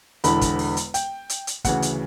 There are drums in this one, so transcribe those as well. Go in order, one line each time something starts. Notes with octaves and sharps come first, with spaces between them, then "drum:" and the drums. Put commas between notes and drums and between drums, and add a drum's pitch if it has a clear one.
E1 E2 D3 B5, drum: hi-hat
drum: kick, hi-hat
drum: open hi-hat
drum: hi-hat
G5, drum: hi-hat
drum: hi-hat
drum: hi-hat
D2 C#3 E3 F#5, drum: kick, hi-hat
drum: hi-hat